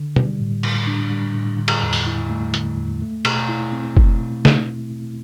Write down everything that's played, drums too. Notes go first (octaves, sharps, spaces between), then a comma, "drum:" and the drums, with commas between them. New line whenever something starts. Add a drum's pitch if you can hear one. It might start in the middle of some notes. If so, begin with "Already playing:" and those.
Already playing: D3
G3, drum: tom
A2
A2, drum: cymbal
D4
G3
A2
D3
drum: cymbal
E2
drum: open hi-hat
E4
A3
D3, drum: hi-hat
E2
A3
B2, drum: cymbal
E4
C4
A3, drum: kick F#1
B2
drum: snare